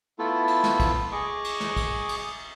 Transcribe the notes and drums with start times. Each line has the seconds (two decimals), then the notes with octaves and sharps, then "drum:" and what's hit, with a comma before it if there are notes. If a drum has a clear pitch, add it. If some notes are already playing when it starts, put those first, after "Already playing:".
0.19 A3 B3 E4 F4 A4
0.47 drum: cymbal
0.64 drum: snare
0.80 drum: kick, cymbal
1.12 G#4 D#5 C#6 D6
1.44 drum: cymbal
1.60 drum: snare
1.77 drum: kick, cymbal
2.09 drum: cymbal